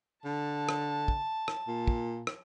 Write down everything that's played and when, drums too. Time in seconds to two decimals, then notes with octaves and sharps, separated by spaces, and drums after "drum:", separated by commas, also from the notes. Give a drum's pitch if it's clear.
0.25 D3 A5
0.69 drum: rim click
1.08 drum: kick
1.48 drum: rim click
1.68 A#2
1.88 drum: kick
2.27 drum: rim click